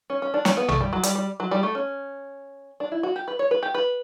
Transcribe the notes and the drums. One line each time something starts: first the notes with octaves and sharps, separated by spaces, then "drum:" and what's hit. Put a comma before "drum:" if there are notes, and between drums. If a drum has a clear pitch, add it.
C#4
C#4
D4
C#4, drum: snare
B3
A3, drum: tom A#1
G3
F#3
G3, drum: hi-hat
G3
F#3
G3
A3
C#4
D4
E4
F#4
G4
B4
C#5
B4
G4
B4